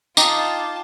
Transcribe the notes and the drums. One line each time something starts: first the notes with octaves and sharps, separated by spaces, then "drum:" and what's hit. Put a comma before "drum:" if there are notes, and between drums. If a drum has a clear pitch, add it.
D#4 F4 G5 A5 D6, drum: tambourine